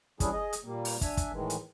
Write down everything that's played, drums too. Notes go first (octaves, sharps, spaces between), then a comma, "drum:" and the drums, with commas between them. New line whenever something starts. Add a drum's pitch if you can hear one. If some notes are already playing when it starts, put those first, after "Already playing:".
E3 G3 C#4 D4 E4 G#4, drum: kick, hi-hat
G#4 D#5
drum: hi-hat
A#2 G3 A#3
drum: open hi-hat
D4 E5 G#5, drum: kick, hi-hat
drum: kick, hi-hat
A2 D#3 E3 G#3
drum: hi-hat